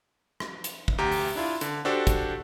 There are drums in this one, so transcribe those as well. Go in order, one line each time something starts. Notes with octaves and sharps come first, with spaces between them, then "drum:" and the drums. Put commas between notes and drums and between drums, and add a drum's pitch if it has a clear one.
drum: rim click
drum: hi-hat
drum: kick
D2 G4 G5 A#5
drum: open hi-hat
D4 E4 F4
D3, drum: hi-hat
D4 F#4 G4 A4 C5
drum: kick, hi-hat